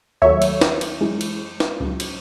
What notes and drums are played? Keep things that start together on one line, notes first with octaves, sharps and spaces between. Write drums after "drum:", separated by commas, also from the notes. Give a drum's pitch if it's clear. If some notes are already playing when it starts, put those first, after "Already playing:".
D#2 D#3 F#3 A3 C#5 E5
drum: cymbal
drum: snare
drum: cymbal
F#2 E3 G#3
drum: cymbal
drum: snare
C#2 C#3 F#3
drum: cymbal